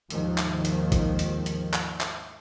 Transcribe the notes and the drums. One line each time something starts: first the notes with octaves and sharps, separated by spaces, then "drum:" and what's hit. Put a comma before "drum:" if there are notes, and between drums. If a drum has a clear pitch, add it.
D#2 G#2 D#3 F3, drum: hi-hat
drum: clap
drum: hi-hat
drum: kick, hi-hat
drum: hi-hat
drum: hi-hat
drum: clap
drum: clap